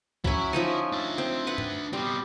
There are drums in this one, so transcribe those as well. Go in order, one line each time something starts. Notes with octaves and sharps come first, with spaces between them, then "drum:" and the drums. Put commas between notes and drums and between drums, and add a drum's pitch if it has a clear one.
F#3 C#4 E4 E5, drum: kick
F3 C#4 D#4
D4 E5
C4
B4 F#5
drum: tom G2
B2 G3 C4